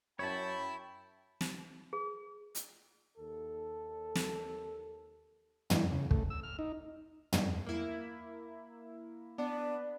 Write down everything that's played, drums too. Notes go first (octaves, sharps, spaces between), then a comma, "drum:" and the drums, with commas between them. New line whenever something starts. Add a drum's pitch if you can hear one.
F#2 E4 C#5 G5 A5 B5
drum: snare
G#4
drum: hi-hat
D#2 A4
drum: snare
E3, drum: tom
C#3
A3, drum: kick
E6
F6
D#4
drum: tom
A#3 E4
B3 D4